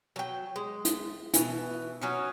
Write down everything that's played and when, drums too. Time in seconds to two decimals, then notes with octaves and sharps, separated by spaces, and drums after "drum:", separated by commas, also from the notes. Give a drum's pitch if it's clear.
0.16 F#3 G5
0.56 G#3
0.85 drum: hi-hat
1.34 B2 E3, drum: hi-hat
2.01 F#3 C#4 D#4